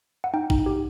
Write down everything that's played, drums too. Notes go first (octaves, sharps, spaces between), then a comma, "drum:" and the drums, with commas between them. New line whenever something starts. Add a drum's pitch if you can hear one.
F#5
D#4 G5
D#4, drum: kick
G4